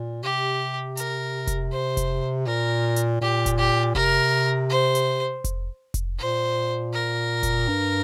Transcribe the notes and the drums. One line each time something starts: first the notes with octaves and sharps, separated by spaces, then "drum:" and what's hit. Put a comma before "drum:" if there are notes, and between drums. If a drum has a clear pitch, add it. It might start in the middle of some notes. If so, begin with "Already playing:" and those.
Already playing: A#2
C3 G4
A#4, drum: hi-hat
drum: kick F1, hi-hat
C5
drum: kick F1, hi-hat
A#2 A#4
drum: hi-hat
A#2 G4
drum: kick F1, hi-hat
G4
C3 A#4, drum: kick F1
C5
drum: hi-hat
drum: kick F1, hi-hat
drum: kick F1, hi-hat
A#2 C5
A#4
drum: kick F1, hi-hat
G2